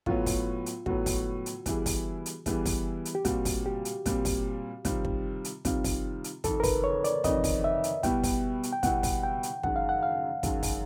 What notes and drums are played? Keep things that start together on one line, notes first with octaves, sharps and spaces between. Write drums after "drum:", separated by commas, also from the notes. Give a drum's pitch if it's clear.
A2 F#3 B3 F4, drum: kick
drum: kick, open hi-hat
drum: hi-hat
A2 F#3 B3 F#4, drum: kick
drum: kick, open hi-hat
drum: hi-hat
E3 G3 B3 E4 G#4, drum: kick, hi-hat
drum: kick, open hi-hat
drum: hi-hat
E3 G3 B3 E4 G#4, drum: kick, hi-hat
drum: kick, open hi-hat
drum: hi-hat
G4
A#2 G3 C4 F#4, drum: kick, hi-hat
drum: kick, open hi-hat
G4
drum: hi-hat
A#2 G3 C4, drum: kick, hi-hat
drum: kick, open hi-hat
C3 D#3 G3 C4 F4, drum: kick, hi-hat
drum: kick
drum: hi-hat
C3 D#3 G3 C4 F4, drum: kick, hi-hat
drum: kick, open hi-hat
drum: hi-hat
F2 C3 D#3 A4, drum: kick, hi-hat
A#4
B4, drum: kick, open hi-hat
C#5
D5, drum: hi-hat
F2 C3 D#3 D#5, drum: kick, hi-hat
drum: kick, open hi-hat
E5
drum: hi-hat
B2 G3 B3 E4 G5, drum: kick, hi-hat
drum: kick, open hi-hat
drum: hi-hat
G5
B2 G3 B3 E4 F#5, drum: kick, hi-hat
drum: kick, open hi-hat
G5
drum: hi-hat
F#2 D#3 G#3 F#5, drum: kick
F5
F#5
F5
F#2 D#3 G#3, drum: kick, hi-hat
drum: kick, open hi-hat